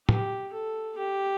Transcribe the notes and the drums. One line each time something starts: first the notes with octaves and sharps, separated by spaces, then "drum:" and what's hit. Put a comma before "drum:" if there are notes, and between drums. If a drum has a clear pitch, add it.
G4, drum: tom
A4
G4